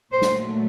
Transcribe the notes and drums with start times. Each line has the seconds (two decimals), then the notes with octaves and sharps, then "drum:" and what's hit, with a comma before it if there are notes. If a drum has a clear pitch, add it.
0.12 A#2 F#3 A3 C5
0.22 drum: snare